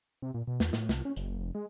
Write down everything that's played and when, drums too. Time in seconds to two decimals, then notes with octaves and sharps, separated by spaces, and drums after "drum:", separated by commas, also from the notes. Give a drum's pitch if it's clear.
0.22 C3
0.34 A#2
0.47 B2
0.60 E2, drum: snare
0.73 A2, drum: snare
0.89 C2, drum: snare
1.05 C#4
1.16 F#1, drum: hi-hat
1.39 F1
1.55 G#3